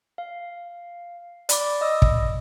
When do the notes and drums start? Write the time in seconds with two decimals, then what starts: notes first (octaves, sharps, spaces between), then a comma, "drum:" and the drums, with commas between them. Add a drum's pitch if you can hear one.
0.18 F5
1.49 D5 B5 D6, drum: hi-hat
1.81 D#5 D#6 E6
2.02 drum: kick